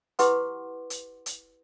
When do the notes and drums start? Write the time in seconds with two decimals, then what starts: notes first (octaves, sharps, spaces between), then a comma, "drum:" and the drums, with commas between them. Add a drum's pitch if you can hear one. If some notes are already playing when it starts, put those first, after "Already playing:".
0.19 E4 G4 B4 F#5 C6 D6, drum: hi-hat
0.90 drum: hi-hat
1.26 drum: hi-hat